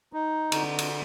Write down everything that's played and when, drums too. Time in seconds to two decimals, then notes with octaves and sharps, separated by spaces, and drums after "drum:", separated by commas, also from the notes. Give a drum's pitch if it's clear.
0.13 D#4
0.52 D3, drum: cymbal
0.79 drum: cymbal